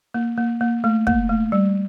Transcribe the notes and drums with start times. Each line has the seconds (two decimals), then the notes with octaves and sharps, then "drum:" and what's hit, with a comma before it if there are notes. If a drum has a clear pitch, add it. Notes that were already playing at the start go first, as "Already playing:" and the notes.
0.14 A#3
0.37 A#3
0.61 A#3
0.84 A3
1.07 A#3, drum: kick
1.29 A3
1.52 G3